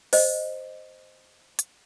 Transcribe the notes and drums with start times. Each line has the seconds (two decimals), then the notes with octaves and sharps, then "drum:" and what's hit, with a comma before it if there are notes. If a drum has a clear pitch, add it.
0.13 C5 D#5, drum: open hi-hat
1.59 drum: hi-hat